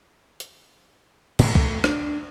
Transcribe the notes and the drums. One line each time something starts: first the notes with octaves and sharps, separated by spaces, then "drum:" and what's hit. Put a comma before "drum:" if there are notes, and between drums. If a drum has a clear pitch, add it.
drum: hi-hat
A2, drum: cymbal
A3, drum: kick
D4, drum: rim click